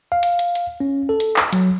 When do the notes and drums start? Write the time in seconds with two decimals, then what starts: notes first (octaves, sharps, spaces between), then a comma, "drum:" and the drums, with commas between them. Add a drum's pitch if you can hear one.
0.12 F5
0.23 drum: hi-hat
0.39 drum: hi-hat
0.55 drum: hi-hat
0.80 C#4
1.09 A4
1.20 drum: hi-hat
1.36 drum: clap
1.53 F#3, drum: hi-hat